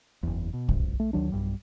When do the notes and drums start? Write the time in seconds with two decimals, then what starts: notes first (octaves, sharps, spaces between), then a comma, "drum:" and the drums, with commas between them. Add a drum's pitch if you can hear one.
0.23 F#1 E2
0.53 B2
0.68 F#1 C#2, drum: kick
1.00 A3
1.13 D2 D#3 F#3 D4
1.32 B1 G2 G3